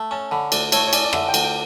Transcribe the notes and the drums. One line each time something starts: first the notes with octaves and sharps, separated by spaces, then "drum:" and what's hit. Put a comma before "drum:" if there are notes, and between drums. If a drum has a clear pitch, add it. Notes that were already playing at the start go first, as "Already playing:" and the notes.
Already playing: A3
C#4 A5
D3 B5
D2 D5, drum: cymbal
A3 C#5, drum: cymbal
C#5
C#4 D5, drum: cymbal
D5
D3 E5, drum: rim click
G5
D2, drum: cymbal
G5